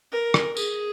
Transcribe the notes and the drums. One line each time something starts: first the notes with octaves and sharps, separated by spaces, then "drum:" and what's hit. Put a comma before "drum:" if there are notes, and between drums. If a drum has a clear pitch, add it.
A#4
drum: rim click
G#4, drum: tambourine